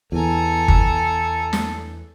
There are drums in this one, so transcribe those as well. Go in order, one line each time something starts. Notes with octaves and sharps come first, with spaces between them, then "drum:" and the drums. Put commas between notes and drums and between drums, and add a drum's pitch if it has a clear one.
E2 A4 G#5 A#5
drum: kick G1
drum: snare